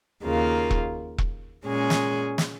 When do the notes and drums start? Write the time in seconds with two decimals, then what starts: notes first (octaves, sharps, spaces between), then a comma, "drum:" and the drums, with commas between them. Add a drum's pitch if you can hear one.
0.23 D#2 C#3 A#3 F4
0.71 drum: kick E1
1.18 drum: kick E1
1.66 A#2 G#3 C#4 G#4
1.90 drum: snare
2.38 drum: snare